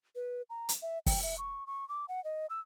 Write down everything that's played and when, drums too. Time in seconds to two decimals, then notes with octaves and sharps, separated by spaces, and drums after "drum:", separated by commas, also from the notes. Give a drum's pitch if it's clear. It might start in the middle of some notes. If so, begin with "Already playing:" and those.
0.16 B4
0.50 A#5
0.69 drum: hi-hat
0.82 E5
1.06 G5, drum: kick, open hi-hat
1.23 E5
1.38 C#6
1.67 C#6
1.89 D6
2.08 F#5
2.24 D#5
2.50 E6